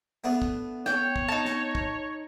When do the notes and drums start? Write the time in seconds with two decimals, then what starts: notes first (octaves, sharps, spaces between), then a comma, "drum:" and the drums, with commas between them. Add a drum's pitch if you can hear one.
0.24 A3 B3 D4
0.42 drum: kick
0.86 C#5 G5, drum: snare
1.16 drum: kick
1.28 D#4 A5
1.45 drum: snare
1.75 drum: kick